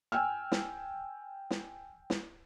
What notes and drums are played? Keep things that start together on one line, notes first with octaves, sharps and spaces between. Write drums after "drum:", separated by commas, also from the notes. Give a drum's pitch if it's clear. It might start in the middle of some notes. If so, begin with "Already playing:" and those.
G5 G#5 E6 F6
drum: snare
drum: snare
drum: snare